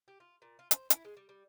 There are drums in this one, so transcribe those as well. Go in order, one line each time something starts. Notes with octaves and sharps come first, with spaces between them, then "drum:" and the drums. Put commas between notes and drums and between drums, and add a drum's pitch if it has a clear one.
G4
F4
A#2
F4
C5, drum: hi-hat
E4, drum: hi-hat
G#3
G3
G3